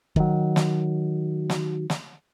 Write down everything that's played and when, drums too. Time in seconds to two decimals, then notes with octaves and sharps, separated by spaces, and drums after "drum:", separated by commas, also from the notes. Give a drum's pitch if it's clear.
0.16 D#3 F#3, drum: kick
0.56 drum: snare
1.50 drum: snare
1.90 drum: snare